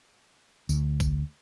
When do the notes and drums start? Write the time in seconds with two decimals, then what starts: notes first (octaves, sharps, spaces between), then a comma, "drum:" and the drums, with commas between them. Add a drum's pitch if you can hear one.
0.69 D2, drum: tambourine
1.00 drum: kick A1, tambourine